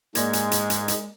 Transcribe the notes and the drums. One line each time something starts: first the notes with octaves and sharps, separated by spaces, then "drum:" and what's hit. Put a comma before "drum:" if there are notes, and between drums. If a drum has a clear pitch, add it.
G#2 G#3 A#3 D5 G#6 A#6, drum: hi-hat
drum: hi-hat
drum: hi-hat
drum: hi-hat
drum: hi-hat